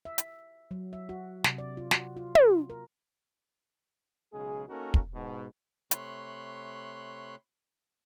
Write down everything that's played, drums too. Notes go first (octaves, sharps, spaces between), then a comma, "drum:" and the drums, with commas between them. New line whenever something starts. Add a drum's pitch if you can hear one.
E5
drum: hi-hat
F#3
E5
F#4
C3, drum: snare
D5
F4
F#4, drum: snare
F4
drum: tom
A#4
B1 C#3 G#3 G#4
A#3 C#4 D#4 F#4 A4 A#4
drum: kick
G#2 B2
C3 A3 C#5 B5 C6 F#6, drum: hi-hat